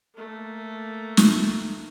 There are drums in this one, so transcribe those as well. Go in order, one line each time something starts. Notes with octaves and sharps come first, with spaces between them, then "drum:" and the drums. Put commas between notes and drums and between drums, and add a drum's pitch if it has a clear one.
A3 A#3
drum: snare